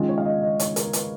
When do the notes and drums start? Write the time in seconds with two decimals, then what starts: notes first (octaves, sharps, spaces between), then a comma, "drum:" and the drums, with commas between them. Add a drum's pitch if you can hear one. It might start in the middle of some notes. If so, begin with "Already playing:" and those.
Already playing: D#3 G#3 C#4 F4
0.09 C#5
0.18 F5
0.25 D#5
0.42 D#5
0.59 C#5, drum: hi-hat
0.76 A#4, drum: hi-hat
0.93 B4, drum: hi-hat